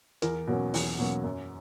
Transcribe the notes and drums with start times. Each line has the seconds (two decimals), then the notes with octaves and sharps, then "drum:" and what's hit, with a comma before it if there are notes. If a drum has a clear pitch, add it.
0.22 E2 A#4, drum: hi-hat
0.47 B2 F#3 A#3 C#4
0.74 E2, drum: open hi-hat
0.99 B2 F#3 A#3 C#4
1.24 F#2